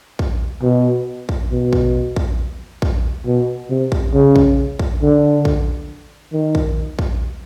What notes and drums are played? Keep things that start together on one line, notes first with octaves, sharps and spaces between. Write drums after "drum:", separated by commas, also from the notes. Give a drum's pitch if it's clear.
drum: kick A#1
B2
drum: kick A#1
B2
drum: kick A#1
drum: kick A#1
drum: kick A#1
B2
C3
drum: kick A#1
C#3
drum: kick A#1
drum: kick A#1
D3
drum: kick A#1
D#3
drum: kick A#1
drum: kick A#1